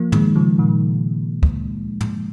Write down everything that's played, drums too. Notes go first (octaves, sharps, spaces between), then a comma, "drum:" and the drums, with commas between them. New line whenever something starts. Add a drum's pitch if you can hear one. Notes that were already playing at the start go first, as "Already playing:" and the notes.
Already playing: F3 A#3
D#3 G#3, drum: tom
C#3 F3
A#2 D#3
drum: kick
drum: tom